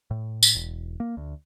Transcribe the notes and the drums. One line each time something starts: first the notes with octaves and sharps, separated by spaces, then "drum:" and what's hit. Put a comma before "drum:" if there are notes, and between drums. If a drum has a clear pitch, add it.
A2
drum: tambourine
E1
A#3
D2